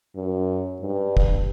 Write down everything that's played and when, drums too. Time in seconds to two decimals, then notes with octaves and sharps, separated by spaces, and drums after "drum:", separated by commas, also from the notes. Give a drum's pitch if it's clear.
0.16 F#2
0.80 G2
1.17 drum: kick